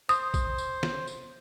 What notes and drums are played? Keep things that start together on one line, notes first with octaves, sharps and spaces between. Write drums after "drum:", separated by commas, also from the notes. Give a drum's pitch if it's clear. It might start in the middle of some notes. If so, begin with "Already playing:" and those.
C5 D#6, drum: tambourine
drum: kick, tambourine
drum: tambourine
drum: snare
drum: tambourine